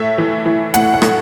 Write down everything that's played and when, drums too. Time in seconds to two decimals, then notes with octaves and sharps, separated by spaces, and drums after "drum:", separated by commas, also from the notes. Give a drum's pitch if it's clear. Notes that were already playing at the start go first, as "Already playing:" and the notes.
Already playing: A2 E5
0.18 E3
0.46 E3
0.74 A2 F#5, drum: hi-hat
0.94 F#5
1.02 A2, drum: rim click